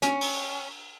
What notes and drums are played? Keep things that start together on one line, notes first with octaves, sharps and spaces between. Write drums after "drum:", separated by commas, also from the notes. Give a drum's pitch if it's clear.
C#4, drum: hi-hat
drum: open hi-hat